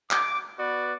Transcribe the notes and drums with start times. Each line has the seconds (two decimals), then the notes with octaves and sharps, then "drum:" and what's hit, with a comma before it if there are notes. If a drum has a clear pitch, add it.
0.11 D6, drum: clap
0.59 B3 F#4 B4 D5